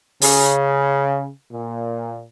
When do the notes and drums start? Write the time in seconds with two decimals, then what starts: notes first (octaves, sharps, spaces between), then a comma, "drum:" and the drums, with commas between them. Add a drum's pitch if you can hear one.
0.22 C#3, drum: open hi-hat
1.51 A#2